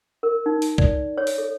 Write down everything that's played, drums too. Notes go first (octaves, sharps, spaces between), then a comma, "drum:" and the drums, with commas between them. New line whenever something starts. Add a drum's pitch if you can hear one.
A#4
D#4
drum: open hi-hat
D5, drum: kick B1
C#5
drum: open hi-hat
A4